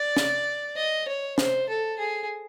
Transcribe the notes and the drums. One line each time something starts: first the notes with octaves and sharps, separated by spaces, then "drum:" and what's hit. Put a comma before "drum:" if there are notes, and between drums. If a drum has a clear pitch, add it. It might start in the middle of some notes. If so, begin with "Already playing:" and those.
Already playing: D5
drum: snare
D#5
C#5
C5, drum: snare
A4
G#4